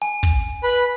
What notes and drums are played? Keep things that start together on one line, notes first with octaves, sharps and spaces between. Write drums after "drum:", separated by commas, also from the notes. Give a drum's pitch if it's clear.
G#5
drum: kick
B4 B5